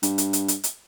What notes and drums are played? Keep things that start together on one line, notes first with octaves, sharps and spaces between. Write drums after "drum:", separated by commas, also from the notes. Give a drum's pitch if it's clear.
G2, drum: hi-hat
drum: hi-hat
drum: hi-hat
drum: hi-hat
drum: hi-hat